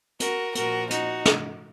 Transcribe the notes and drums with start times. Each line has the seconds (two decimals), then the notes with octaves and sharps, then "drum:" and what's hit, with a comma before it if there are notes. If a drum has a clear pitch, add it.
0.20 F#4 A#4, drum: hi-hat
0.55 A#2 F3 F#4 A#4, drum: hi-hat
0.90 D#4 F#4, drum: hi-hat
1.25 drum: snare